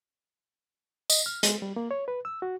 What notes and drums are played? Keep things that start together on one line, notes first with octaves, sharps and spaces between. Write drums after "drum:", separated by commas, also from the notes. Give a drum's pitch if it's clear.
D#5, drum: tambourine
F6
G#3, drum: hi-hat
G3
A#3
C#5
B4
E6
F#4